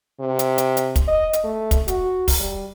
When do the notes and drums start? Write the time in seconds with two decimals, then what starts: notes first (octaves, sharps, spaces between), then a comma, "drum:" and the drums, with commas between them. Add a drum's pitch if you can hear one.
0.20 C3
0.39 drum: hi-hat
0.58 drum: hi-hat
0.77 drum: hi-hat
0.96 drum: kick, hi-hat
1.08 D#5
1.33 drum: hi-hat
1.44 A3
1.71 drum: kick, hi-hat
1.88 F#4, drum: hi-hat
2.28 drum: kick, open hi-hat
2.40 G3